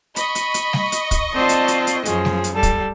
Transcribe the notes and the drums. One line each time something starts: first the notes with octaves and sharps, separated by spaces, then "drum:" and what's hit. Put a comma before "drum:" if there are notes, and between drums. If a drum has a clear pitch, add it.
D#5 B5 C#6, drum: hi-hat
drum: hi-hat
drum: hi-hat
drum: snare G3
drum: hi-hat
drum: kick, hi-hat
C4 F4 D5 A5
drum: hi-hat
drum: hi-hat
drum: hi-hat
F#2 F3 G#4, drum: hi-hat
drum: snare G3
drum: hi-hat
G3 A4 A5
drum: kick, hi-hat